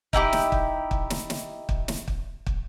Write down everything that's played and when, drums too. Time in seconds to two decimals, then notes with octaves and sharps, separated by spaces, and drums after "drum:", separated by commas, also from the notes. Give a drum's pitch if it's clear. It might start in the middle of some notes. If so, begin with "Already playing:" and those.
0.13 D#4 E4 F#4 G4, drum: kick
0.33 drum: snare
0.52 drum: kick
0.91 drum: kick
1.10 drum: snare
1.30 drum: snare
1.69 drum: kick
1.88 drum: snare
2.08 drum: kick
2.46 drum: kick